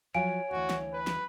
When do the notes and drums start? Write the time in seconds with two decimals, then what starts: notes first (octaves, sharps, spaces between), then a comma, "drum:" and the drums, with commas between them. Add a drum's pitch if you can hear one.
0.15 F3 F#3 C#5 F5 G#5 D7
0.51 D2 E3 F#4
0.70 drum: snare
0.93 B4
1.07 drum: snare